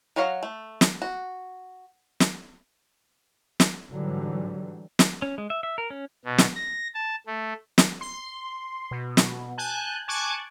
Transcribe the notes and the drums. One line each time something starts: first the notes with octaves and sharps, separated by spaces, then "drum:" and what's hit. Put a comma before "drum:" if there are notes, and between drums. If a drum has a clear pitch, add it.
F#3 F#4 C#5 D#5 F5
A3
drum: snare
F#4
drum: snare
drum: snare
G#2 D3 E3 F#3 G3
drum: snare
C#4
G#3
E5
E5
A#4
C#4
B2
drum: snare
A#6
A5
A3
drum: snare
C6
B2
drum: snare
G#5 A5 F#6 G6
G#5 A5 C#6 D6 F#6 G#6